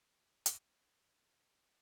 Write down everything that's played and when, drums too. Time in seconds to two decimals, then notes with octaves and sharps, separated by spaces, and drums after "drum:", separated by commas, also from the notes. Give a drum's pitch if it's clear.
0.09 C#5 E5
0.46 drum: hi-hat
0.74 B4 D#5
1.61 B4 D#5